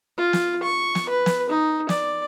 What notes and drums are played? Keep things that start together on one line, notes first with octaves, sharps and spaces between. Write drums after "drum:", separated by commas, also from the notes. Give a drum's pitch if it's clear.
F4
drum: snare
C#6
drum: snare
B4
drum: snare
D#4
D5, drum: snare